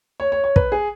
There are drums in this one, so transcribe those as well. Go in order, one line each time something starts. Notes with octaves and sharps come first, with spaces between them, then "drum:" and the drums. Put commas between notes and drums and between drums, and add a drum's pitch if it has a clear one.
C#5
C#5
C#5
B4, drum: kick
G#4